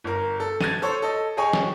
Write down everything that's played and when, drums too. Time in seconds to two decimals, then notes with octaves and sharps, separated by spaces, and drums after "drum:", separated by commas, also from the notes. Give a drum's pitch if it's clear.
0.04 G1 A#4
0.40 A4
0.61 G#6 A6 D#7, drum: snare
0.82 A4 C5 C#5
1.02 A4 D#5
1.37 G#4 C#5 D#5 G5 G#5 C#6
1.53 drum: snare